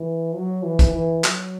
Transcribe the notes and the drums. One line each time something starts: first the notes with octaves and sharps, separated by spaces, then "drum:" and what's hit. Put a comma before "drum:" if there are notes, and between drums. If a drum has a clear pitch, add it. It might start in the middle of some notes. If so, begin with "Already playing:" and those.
Already playing: E3
F#3
E3
drum: kick, hi-hat
E3
F#3, drum: clap